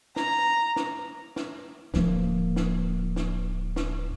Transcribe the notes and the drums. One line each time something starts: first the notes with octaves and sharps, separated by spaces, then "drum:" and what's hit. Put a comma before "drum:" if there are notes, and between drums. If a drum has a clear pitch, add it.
A#5, drum: snare
drum: snare
drum: snare
D1 F3 A#3, drum: snare
drum: snare
drum: snare
drum: snare